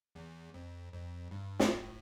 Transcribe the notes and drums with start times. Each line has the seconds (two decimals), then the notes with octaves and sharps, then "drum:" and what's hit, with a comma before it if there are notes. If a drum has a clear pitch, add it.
0.15 E2
0.54 F2
0.93 F2
1.31 G2
1.60 drum: snare
1.69 A2